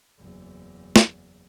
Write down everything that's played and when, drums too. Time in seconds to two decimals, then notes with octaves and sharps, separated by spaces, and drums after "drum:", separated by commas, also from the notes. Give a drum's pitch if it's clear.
0.18 F#1 E2
0.96 drum: snare